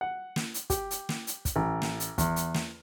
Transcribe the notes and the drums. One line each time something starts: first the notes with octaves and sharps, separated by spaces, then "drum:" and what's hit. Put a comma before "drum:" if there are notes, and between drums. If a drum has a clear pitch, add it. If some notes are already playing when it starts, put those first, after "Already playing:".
F#5
drum: snare
drum: hi-hat
G4, drum: kick, hi-hat
drum: hi-hat
drum: snare
drum: hi-hat
drum: kick, hi-hat
A1
drum: snare
drum: hi-hat
E2, drum: kick, hi-hat
drum: hi-hat
drum: snare